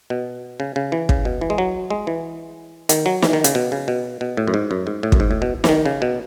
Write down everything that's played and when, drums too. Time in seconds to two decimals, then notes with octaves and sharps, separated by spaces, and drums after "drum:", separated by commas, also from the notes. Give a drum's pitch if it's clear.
0.10 B2
0.60 C#3
0.76 C#3
0.92 E3
1.09 C#3, drum: kick
1.25 B2
1.41 E3
1.50 G#3
1.58 F#3
1.90 G#3
2.07 E3
2.89 D#3, drum: hi-hat
3.06 F#3
3.22 E3, drum: snare
3.33 D#3
3.44 C#3, drum: hi-hat
3.55 B2
3.72 C#3
3.88 B2
4.21 B2
4.37 A2
4.48 F#2
4.54 G#2
4.71 F#2
4.87 G#2
5.03 A2
5.12 F#2, drum: kick
5.20 G#2
5.31 A2
5.42 B2
5.64 E3, drum: snare
5.69 D#3
5.86 C#3
6.02 B2